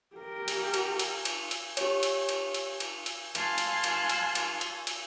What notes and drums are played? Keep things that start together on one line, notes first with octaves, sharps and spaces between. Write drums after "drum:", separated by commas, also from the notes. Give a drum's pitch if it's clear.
G4 A#4
drum: cymbal
drum: cymbal
drum: cymbal
drum: cymbal
drum: cymbal
G4 C#5, drum: cymbal
drum: cymbal
drum: cymbal
drum: cymbal
drum: cymbal
drum: cymbal
F5 G#5 A5 C6 F#6, drum: cymbal
drum: cymbal
drum: cymbal
drum: cymbal
drum: cymbal
drum: cymbal
drum: cymbal